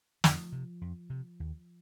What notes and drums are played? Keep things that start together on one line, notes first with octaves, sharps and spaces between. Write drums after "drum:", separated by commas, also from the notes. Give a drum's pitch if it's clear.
F2 F3, drum: snare
C3
F2
C3
D#2